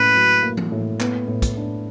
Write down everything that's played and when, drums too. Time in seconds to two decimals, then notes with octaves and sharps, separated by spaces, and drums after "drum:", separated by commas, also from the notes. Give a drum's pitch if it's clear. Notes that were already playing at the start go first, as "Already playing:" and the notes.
Already playing: A2 A#3 C#4 B4
0.15 F#3
0.43 A#3
0.57 drum: tom E3
0.72 A2
1.00 B3, drum: clap
1.28 A2
1.42 drum: kick, hi-hat
1.57 D4